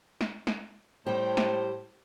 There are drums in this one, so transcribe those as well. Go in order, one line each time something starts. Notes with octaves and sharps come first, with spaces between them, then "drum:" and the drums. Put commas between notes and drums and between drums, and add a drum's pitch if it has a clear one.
drum: snare
drum: snare
A2 G3 G4 C5
drum: snare